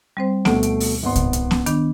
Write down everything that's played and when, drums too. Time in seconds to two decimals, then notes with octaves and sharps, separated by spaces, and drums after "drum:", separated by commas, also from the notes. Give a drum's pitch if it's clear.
0.17 G3 C4 C5
0.45 D2 B2 A3 D7, drum: snare B3
0.63 drum: hi-hat
0.80 drum: open hi-hat
1.03 G#1 B3 C6
1.16 drum: kick C2, hi-hat
1.33 drum: hi-hat
1.51 drum: snare B3
1.66 D#3 B3 D4, drum: hi-hat